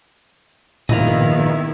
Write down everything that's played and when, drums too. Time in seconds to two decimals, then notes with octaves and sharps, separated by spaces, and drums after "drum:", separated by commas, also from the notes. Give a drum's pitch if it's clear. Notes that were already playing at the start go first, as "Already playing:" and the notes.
0.89 A#1 D#3 B3 E4 D#5 F5, drum: tom
1.07 drum: tom A#2